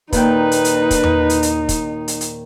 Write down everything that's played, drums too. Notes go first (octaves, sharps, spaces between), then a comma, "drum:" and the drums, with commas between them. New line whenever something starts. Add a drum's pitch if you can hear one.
D#2 A#2 D#4 B4 G5, drum: kick, hi-hat
drum: hi-hat
drum: hi-hat
drum: kick, hi-hat
drum: tom E2
drum: hi-hat
drum: hi-hat
drum: kick, hi-hat
drum: hi-hat
drum: hi-hat